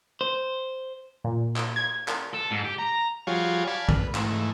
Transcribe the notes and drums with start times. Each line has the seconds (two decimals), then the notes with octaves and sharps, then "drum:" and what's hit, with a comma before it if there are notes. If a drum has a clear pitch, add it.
0.21 C5
1.24 A#2
1.56 drum: clap
1.76 G#6
2.08 drum: clap
2.34 A4
2.51 G#2
2.65 G4
2.79 A#5
3.27 F3 G3 F4 F#4 G#4 C#5
3.67 D5 F5 G#5 A5 B5
3.89 B4, drum: kick
4.15 G#2 E3 A3, drum: clap